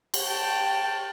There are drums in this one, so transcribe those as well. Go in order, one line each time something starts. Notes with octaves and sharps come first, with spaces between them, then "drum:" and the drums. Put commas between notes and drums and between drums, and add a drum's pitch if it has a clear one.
drum: cymbal
G5 A5